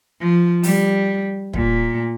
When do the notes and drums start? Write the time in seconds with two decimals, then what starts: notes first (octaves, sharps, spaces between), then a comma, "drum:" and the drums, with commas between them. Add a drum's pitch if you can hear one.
0.20 F3
0.63 G3, drum: open hi-hat
1.54 A#2, drum: kick